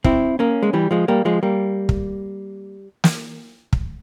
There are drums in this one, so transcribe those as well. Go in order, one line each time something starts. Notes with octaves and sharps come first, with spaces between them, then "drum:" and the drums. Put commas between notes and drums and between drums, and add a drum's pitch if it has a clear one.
C4 E4, drum: kick
A#3 C#4
G#3
E3 G3
F3 G#3
G3 A#3
F3 G#3
G3 A#3
drum: kick
drum: snare
drum: kick